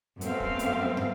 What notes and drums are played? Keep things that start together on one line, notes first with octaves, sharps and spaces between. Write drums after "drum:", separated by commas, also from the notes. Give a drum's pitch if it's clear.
F#2 A3 B3 C4 F5, drum: hi-hat
drum: kick
drum: hi-hat
drum: tom